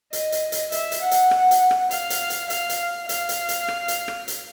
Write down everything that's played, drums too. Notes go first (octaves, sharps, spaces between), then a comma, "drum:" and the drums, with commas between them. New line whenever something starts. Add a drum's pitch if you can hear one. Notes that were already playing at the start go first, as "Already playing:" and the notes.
D#5, drum: hi-hat
drum: hi-hat
drum: hi-hat
E5, drum: hi-hat
drum: hi-hat
F#5
drum: hi-hat
drum: rim click
drum: hi-hat
drum: rim click
F5, drum: hi-hat
drum: hi-hat
drum: hi-hat
F5, drum: hi-hat
drum: hi-hat
F5, drum: hi-hat
drum: hi-hat
drum: hi-hat
drum: rim click
drum: hi-hat
drum: rim click
drum: hi-hat